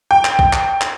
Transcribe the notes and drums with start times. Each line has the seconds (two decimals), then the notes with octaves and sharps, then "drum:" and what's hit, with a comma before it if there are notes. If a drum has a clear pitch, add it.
0.11 G5
0.25 drum: clap
0.39 drum: kick
0.53 drum: clap
0.81 drum: clap